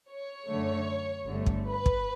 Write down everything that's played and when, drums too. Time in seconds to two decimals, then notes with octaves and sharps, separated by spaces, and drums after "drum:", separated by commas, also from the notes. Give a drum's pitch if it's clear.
0.08 C#5
0.48 F#2 D3 A3
1.27 G1 G2 D3 A3
1.46 drum: kick
1.66 B4
1.86 drum: kick